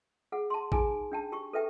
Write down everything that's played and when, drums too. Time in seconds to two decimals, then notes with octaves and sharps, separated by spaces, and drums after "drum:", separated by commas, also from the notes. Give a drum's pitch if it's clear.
0.32 G#4 F#5
0.50 A5 C6
0.72 D#4 G#4 G#5 A#5, drum: kick A1
1.12 D4 G5 A5
1.32 G4 C#6
1.53 A4 B4 E5 G5